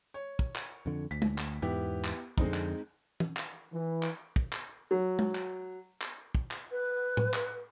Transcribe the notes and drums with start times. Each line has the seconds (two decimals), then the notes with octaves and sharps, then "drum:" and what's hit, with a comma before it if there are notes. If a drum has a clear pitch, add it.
0.14 C#5
0.39 drum: kick
0.56 drum: clap
0.86 F2 D3
1.11 D2 B6
1.22 drum: tom
1.38 drum: clap
1.62 E2 G#2 E3 B3 E4 G4
2.04 drum: clap
2.38 F2 D3 G#3 C4 D#4, drum: kick
2.54 drum: clap
3.20 drum: tom
3.37 drum: clap
3.72 E3
4.03 drum: clap
4.36 drum: kick
4.53 drum: clap
4.91 F#3
5.19 drum: tom
5.35 drum: clap
6.01 drum: clap
6.35 drum: kick
6.51 drum: clap
6.71 B4
7.17 drum: tom A2
7.34 drum: clap